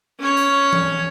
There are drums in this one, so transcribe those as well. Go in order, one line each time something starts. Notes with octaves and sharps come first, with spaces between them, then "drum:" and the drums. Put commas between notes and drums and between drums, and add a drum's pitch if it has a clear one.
C#4 C#5
drum: hi-hat
drum: tom E3